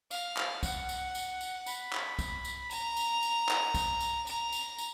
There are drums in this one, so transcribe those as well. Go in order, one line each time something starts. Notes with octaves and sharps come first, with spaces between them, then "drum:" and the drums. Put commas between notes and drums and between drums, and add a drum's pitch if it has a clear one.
F5, drum: tambourine
drum: clap
F#5, drum: kick, tambourine
drum: tambourine
drum: tambourine
drum: tambourine
B5, drum: tambourine
drum: clap
drum: kick, tambourine
drum: tambourine
A#5, drum: tambourine
drum: tambourine
drum: tambourine
drum: clap
drum: kick, tambourine
drum: tambourine
A#5, drum: tambourine
drum: tambourine
drum: tambourine